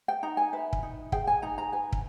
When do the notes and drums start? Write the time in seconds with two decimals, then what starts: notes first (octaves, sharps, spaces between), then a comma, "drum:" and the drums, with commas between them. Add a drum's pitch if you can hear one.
0.08 G5
0.23 D#4 A#5
0.37 G#5
0.53 B4 E5
0.73 drum: kick
0.83 D#4
1.12 G#4 G5, drum: kick
1.27 G#5
1.42 D#4 A#5
1.58 A#5
1.72 B4 G#5
1.93 drum: kick